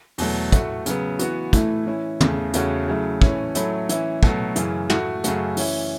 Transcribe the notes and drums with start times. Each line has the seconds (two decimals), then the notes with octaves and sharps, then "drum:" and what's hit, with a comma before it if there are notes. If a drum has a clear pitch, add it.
0.18 E2 B2 F#3 A3, drum: open hi-hat
0.52 A2 A3 F#4, drum: kick, hi-hat
0.86 C#3 F#3 B3, drum: hi-hat
1.19 E3 B3 F#4, drum: hi-hat
1.53 A2 E3 A3 E4, drum: kick, hi-hat
1.86 E3 C#4 E4
2.21 E2 C#3 A3, drum: tom
2.54 E2 C#3 A3 C#4 F#4, drum: hi-hat
2.88 C#3 F#3 A3 E4
3.22 A2 E3 A3 C#4, drum: kick
3.55 A2 F#3 A3 C#4 E4, drum: hi-hat
3.89 E3 C#4 E4, drum: hi-hat
4.23 B2 F#3 A3, drum: kick
4.56 F#2 C#3 E3, drum: hi-hat
4.90 A2 A3 F#4, drum: tom
5.24 F#2 C#3 A3 F#4, drum: hi-hat
5.57 E3 C#4 E4, drum: open hi-hat